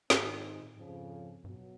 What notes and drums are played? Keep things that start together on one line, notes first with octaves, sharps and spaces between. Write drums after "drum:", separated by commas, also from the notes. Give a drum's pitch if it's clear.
G#2 D#3 G#3 C4 D#4, drum: snare
A#2
A2
F2 G#2 C#3 F3
G2 B2 F#3